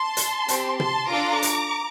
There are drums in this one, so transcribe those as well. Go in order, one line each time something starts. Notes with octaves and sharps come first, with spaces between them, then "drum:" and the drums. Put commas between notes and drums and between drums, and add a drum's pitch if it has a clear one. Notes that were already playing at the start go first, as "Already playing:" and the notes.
Already playing: A5 C6
drum: hi-hat
C4 G4, drum: hi-hat
A5 C6, drum: tom
D4 F4 A4 A#5 D6
drum: hi-hat